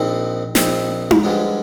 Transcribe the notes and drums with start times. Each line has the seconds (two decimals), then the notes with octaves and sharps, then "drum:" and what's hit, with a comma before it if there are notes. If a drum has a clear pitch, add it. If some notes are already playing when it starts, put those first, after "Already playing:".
Already playing: A#1 A#2 F3 C4 D#4
0.55 A#1 A#2 F3 C4 D#4, drum: snare
1.11 drum: tom D#4
1.23 G2 D3 F3 G#3 D4